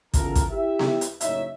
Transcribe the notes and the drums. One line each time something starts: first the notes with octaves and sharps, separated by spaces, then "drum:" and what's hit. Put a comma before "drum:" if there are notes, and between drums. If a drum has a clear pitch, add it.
C#3 E3 B3 F4 A4 A#4, drum: kick, hi-hat
drum: kick, hi-hat
E4 G4 E5
drum: snare B3
drum: hi-hat
F#1 A2 D#4 C#5 E5, drum: hi-hat